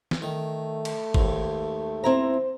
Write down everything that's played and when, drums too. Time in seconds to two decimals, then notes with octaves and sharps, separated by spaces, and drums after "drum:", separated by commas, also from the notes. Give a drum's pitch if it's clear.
0.11 drum: snare
0.22 D#3 A3
0.85 drum: cymbal
1.14 D#2 G#2, drum: kick G1
2.04 C4 E4 C5 A#5